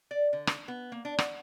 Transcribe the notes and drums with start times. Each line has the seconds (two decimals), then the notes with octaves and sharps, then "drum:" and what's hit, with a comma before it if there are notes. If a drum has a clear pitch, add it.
0.11 D5
0.33 D3
0.47 drum: rim click
0.68 B3
0.92 A#3
1.05 D4
1.19 F#5, drum: rim click